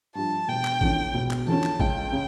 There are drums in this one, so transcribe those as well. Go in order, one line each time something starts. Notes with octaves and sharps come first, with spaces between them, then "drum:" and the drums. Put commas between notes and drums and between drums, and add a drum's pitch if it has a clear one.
G2 F3 A5
E1 G5
drum: clap
E2 D3 F3 C#4, drum: kick A1
E1
drum: clap
E2 D3 F3 C#4 A5
drum: clap
C#2 G5, drum: kick A1
C#3